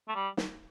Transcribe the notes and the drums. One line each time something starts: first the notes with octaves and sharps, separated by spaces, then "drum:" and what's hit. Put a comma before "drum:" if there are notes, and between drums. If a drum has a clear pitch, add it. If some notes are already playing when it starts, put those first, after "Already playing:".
A3
G3
drum: snare